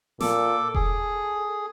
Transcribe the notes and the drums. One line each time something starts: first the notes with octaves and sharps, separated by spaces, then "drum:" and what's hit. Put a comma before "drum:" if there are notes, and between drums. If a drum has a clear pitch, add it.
A#2 A4 D6, drum: snare
G#4 A4, drum: kick E1